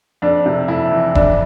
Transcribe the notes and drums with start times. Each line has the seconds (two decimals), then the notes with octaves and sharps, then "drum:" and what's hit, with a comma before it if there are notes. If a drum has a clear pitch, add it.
0.22 F2 D4
0.46 C3
0.68 F2 E4
0.91 E3
1.15 F2 D4, drum: kick E1